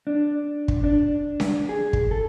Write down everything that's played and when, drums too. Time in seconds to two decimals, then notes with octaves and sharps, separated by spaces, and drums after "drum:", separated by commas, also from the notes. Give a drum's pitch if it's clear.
0.07 D4
0.68 drum: kick
0.84 D4
1.40 drum: snare C#4
1.69 G#4
1.93 drum: kick
2.11 A4